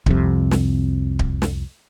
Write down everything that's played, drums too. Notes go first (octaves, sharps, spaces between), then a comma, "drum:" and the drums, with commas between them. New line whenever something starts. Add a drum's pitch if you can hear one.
C2 F2 C3, drum: kick D1
drum: snare
drum: kick D1
drum: snare